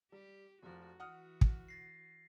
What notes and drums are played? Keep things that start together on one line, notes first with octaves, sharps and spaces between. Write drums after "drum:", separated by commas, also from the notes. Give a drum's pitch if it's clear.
G3 G4
F1 F3 F#4
E3 F#4 F#5 D#6 F6
drum: kick
A6 A#6 C7